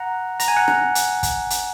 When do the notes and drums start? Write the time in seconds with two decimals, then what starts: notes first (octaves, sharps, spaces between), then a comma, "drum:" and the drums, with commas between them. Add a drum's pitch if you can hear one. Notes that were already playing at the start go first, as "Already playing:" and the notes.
Already playing: F#5 A#5
0.40 A#5, drum: hi-hat
0.48 G#5
0.57 F#5 A#5
0.68 drum: rim click
0.95 drum: hi-hat
1.23 drum: kick, hi-hat
1.50 drum: hi-hat